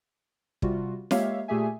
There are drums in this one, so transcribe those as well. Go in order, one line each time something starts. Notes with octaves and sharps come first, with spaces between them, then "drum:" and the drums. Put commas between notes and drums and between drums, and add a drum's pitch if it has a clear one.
C3 G3 F4 F#4, drum: kick
G#3 A#3 G4 C#5 E5 F5, drum: snare
A#2 A3 G4 G#4 E5 G#5